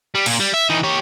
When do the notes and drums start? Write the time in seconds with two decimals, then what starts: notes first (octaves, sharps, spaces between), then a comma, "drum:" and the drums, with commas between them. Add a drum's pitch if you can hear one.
0.15 G3
0.26 A#2, drum: cymbal
0.40 G3
0.54 E5
0.70 E3 D#4
0.84 G4 C#5